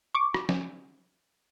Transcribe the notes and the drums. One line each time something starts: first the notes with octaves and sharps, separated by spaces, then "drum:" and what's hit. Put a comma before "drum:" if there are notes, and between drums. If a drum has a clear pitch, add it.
C#6 D6
drum: rim click
drum: snare C#4